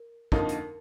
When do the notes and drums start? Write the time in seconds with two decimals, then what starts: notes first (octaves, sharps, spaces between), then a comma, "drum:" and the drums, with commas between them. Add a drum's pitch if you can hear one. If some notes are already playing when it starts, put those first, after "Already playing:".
Already playing: A#4
0.32 F2 D3 F3 A#3 D#4 A#4, drum: kick
0.49 drum: hi-hat